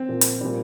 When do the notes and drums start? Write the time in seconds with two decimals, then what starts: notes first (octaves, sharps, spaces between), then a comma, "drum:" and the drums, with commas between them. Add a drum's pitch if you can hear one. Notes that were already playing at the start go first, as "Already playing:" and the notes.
Already playing: C4
0.08 A#2 F3
0.21 drum: hi-hat
0.41 A#2 G3